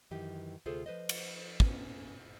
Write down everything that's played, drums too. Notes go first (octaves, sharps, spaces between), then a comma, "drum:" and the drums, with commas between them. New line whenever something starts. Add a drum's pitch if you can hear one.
F#2 D#3 E3 G4
D2 C3 F4 G#4 A4 C5
F3 B4 C5 D#5
drum: cymbal
B3 C#4, drum: kick